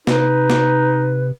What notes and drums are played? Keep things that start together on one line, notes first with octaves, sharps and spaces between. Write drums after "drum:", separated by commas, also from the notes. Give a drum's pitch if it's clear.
C3 D#4 B4, drum: snare
drum: snare